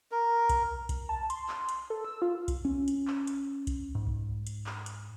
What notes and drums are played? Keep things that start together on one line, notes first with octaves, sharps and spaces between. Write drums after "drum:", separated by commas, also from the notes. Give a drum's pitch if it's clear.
A#4
drum: kick B1, hi-hat
drum: kick B1, hi-hat
A5
C6, drum: hi-hat
drum: clap
drum: hi-hat
A4
E6
F4
drum: kick B1, hi-hat
C#4
drum: hi-hat
drum: clap
drum: hi-hat
drum: kick B1, hi-hat
G#2
drum: kick B1
drum: hi-hat
drum: clap
drum: hi-hat